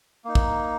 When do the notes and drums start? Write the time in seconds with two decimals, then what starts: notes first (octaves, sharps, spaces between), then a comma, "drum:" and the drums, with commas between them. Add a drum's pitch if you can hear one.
0.25 A#3 D#4
0.35 drum: kick